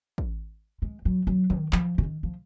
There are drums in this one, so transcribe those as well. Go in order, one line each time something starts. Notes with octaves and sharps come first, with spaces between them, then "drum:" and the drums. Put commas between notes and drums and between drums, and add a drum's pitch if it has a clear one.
drum: kick
G#3
F#3
F#3
D#3, drum: tom
F3, drum: clap
C#3
D#3
F3